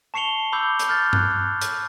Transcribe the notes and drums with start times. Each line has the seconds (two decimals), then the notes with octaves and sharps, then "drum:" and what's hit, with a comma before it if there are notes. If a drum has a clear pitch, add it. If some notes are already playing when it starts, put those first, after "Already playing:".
0.14 A5 C#6 C7 C#7 F7 G7
0.52 B5 D6 E6 G6
0.79 drum: hi-hat
0.89 F6 G6 A6
1.13 F#6, drum: tom G2
1.61 drum: hi-hat